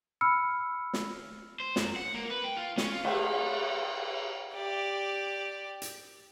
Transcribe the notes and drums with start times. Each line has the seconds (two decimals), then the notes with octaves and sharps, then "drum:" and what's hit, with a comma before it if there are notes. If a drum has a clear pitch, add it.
0.21 B5 E6 F6 C#7
0.93 drum: snare
1.60 C5
1.76 F#2, drum: snare
1.96 F#5
2.14 A#3
2.30 B4
2.44 G5
2.57 F4
2.78 C#4, drum: snare
2.90 F4
3.05 A3, drum: cymbal
4.55 G4 D5
5.82 drum: hi-hat